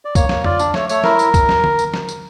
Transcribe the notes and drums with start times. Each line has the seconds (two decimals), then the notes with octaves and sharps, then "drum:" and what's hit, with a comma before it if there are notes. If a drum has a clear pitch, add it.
0.05 D5
0.15 A#3 C#5, drum: kick, tambourine
0.29 A#3, drum: snare
0.44 F4 D5, drum: tom F2
0.59 D4, drum: tambourine
0.74 A3 C#5, drum: snare
0.89 A3 C#5, drum: tambourine
1.04 E4 A#4, drum: snare
1.19 drum: tambourine
1.34 drum: kick, tambourine
1.49 drum: snare
1.64 drum: tom D3
1.79 drum: tambourine
1.94 drum: snare
2.08 drum: tambourine